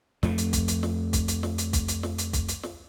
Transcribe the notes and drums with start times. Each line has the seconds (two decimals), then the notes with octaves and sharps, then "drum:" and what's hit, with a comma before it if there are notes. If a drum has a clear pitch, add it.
0.23 F2 A3, drum: snare
0.38 drum: hi-hat
0.53 drum: kick, hi-hat
0.68 drum: hi-hat
0.83 drum: snare
1.13 drum: kick, hi-hat
1.28 drum: hi-hat
1.43 drum: snare
1.58 drum: hi-hat
1.73 drum: kick, hi-hat
1.88 drum: hi-hat
2.03 drum: snare
2.18 drum: hi-hat
2.33 drum: kick, hi-hat
2.48 drum: hi-hat
2.63 drum: snare